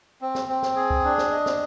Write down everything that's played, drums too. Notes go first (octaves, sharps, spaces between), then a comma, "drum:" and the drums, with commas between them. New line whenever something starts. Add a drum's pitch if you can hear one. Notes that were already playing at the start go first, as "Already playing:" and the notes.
C4
drum: snare
C4
drum: snare
G#4
drum: kick
D4
drum: snare
D#5
drum: snare